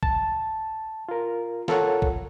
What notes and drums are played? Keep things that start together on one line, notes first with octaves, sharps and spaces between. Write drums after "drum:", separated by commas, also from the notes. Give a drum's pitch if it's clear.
A5, drum: kick A#1
F4 A#4
F4 A4 A#4 C#5 F#5, drum: snare
drum: kick A#1